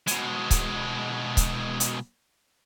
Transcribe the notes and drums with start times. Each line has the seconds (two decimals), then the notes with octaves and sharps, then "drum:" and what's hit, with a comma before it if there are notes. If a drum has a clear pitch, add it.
0.07 B2 G#3, drum: hi-hat
0.51 drum: kick C#1, hi-hat
1.37 drum: kick C#1, hi-hat
1.80 drum: hi-hat